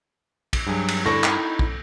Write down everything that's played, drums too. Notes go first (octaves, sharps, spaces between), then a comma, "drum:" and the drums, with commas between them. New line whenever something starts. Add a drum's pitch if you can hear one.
drum: kick, cymbal
G2 F#3 G#4
drum: cymbal
D3 E4 A4 C#6 A#6
D#4, drum: clap
drum: kick